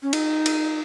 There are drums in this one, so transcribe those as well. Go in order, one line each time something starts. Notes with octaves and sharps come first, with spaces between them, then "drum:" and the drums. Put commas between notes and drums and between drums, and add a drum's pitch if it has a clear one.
C#4
D#4, drum: cymbal
drum: cymbal